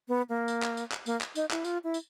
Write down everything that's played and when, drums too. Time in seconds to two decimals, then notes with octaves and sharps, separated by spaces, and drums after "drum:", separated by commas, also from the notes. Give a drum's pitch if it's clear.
0.08 B3
0.29 A#3
0.48 drum: tambourine
0.63 drum: clap
0.77 drum: tambourine
0.92 drum: clap
1.06 A#3, drum: tambourine
1.21 drum: clap
1.35 D#4, drum: tambourine
1.51 E4, drum: clap
1.64 F4, drum: tambourine
1.84 E4
1.94 drum: tambourine